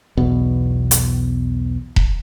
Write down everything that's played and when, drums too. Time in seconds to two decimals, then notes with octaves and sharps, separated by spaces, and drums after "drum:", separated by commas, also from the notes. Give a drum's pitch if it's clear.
0.17 B1 E2 B2
0.91 drum: hi-hat
1.96 drum: kick E1